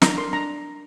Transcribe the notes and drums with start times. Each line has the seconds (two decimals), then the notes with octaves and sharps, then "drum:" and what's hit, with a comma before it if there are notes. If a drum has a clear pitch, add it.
0.02 D4 A#5, drum: snare
0.18 A#4 C6
0.33 D4 A#5